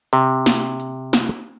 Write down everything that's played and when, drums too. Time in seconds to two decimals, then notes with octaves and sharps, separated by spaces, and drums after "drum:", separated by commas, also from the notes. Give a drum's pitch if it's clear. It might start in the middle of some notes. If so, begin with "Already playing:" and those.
0.13 C3, drum: hi-hat
0.46 drum: snare
0.80 drum: hi-hat
1.13 drum: snare